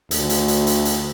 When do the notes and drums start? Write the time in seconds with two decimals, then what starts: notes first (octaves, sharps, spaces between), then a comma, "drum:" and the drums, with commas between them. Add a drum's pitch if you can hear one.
0.11 D2, drum: hi-hat
0.29 drum: hi-hat
0.48 drum: hi-hat
0.67 drum: hi-hat
0.85 drum: hi-hat